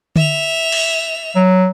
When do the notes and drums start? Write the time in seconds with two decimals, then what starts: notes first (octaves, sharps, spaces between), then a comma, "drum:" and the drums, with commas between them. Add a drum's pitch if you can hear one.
0.16 E5 F7, drum: tom D3
0.72 drum: cymbal
1.36 F#3